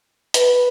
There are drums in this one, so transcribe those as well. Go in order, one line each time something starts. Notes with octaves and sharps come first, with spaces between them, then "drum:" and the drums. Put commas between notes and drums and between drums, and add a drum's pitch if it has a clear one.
B4, drum: hi-hat